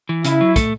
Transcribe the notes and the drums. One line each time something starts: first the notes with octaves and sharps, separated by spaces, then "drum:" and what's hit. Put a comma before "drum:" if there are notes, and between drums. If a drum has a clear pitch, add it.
E3
C#3 E4, drum: hi-hat
F#3
A3, drum: kick, hi-hat